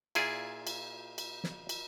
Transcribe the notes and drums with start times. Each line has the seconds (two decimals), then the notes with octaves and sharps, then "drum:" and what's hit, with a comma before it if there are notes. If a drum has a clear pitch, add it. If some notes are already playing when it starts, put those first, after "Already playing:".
0.15 A#2 E4 F4 G#4 D5, drum: cymbal
0.67 drum: cymbal
1.18 drum: cymbal
1.44 drum: snare
1.69 drum: cymbal